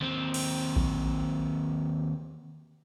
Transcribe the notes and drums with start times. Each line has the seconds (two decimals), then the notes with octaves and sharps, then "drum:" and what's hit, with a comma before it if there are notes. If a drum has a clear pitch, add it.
0.01 D#2 C4
0.34 drum: cymbal
0.76 drum: kick A#1